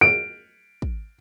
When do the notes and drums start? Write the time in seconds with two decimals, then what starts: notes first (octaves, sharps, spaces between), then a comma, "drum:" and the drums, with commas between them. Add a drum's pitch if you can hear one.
0.01 D7
0.82 drum: kick